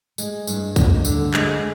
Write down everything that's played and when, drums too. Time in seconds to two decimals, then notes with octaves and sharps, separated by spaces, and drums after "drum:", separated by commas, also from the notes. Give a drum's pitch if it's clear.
0.18 G#3, drum: tambourine
0.47 G2, drum: tambourine
0.76 G2, drum: kick C2, tambourine
1.05 D3, drum: tambourine
1.34 G#3, drum: clap